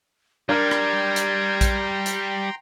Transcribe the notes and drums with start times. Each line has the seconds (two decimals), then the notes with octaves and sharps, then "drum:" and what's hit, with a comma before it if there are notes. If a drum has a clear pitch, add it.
0.49 G3 D4 A#4 G5 A#5 C6 G#6
0.71 drum: rim click
1.16 drum: hi-hat
1.61 drum: kick A#1, hi-hat
2.06 drum: hi-hat